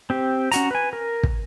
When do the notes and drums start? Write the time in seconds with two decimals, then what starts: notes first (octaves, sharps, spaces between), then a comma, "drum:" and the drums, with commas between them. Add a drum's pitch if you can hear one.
0.10 C4 G4
0.52 C#4 F#4 A#5, drum: hi-hat
0.71 B4 G#5
0.93 A#4
1.23 drum: kick